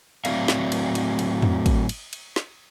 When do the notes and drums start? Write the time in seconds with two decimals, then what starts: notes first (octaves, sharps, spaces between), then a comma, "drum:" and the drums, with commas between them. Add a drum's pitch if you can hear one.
0.25 A2 F#3 C4 D5 E5 F5, drum: cymbal
0.48 drum: snare
0.72 drum: cymbal
0.95 drum: cymbal
1.19 drum: cymbal
1.42 drum: tom
1.66 drum: kick, cymbal
1.89 drum: cymbal
2.13 drum: cymbal
2.36 drum: snare